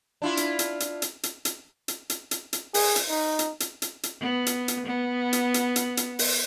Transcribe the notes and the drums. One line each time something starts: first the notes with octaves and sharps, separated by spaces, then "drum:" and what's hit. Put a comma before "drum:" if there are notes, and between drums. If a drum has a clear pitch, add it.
D4 E4 F4
drum: hi-hat
drum: hi-hat
drum: hi-hat
drum: hi-hat
drum: hi-hat
drum: hi-hat
drum: hi-hat
drum: hi-hat
drum: hi-hat
drum: hi-hat
G#4, drum: open hi-hat
drum: hi-hat
D#4
drum: hi-hat
drum: hi-hat
drum: hi-hat
drum: hi-hat
B3
drum: hi-hat
drum: hi-hat
B3
drum: hi-hat
drum: hi-hat
drum: hi-hat
drum: hi-hat
drum: open hi-hat